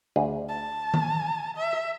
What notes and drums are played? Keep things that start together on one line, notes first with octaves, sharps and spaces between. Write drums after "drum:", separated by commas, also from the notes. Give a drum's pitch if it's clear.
D2 G#4
A5
drum: tom D#3
E5